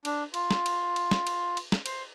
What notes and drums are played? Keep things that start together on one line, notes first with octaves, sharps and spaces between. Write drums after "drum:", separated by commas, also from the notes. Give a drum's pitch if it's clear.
D4, drum: cymbal
F4, drum: cymbal
drum: snare
drum: cymbal
drum: cymbal
drum: snare
drum: cymbal
drum: cymbal
drum: snare
C5, drum: cymbal